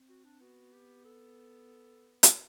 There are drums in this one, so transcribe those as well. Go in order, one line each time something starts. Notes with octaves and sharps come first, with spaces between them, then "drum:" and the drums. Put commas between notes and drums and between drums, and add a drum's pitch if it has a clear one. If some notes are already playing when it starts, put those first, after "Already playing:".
Already playing: C4
F#4
D4
B3 F#4
G4
A4
drum: hi-hat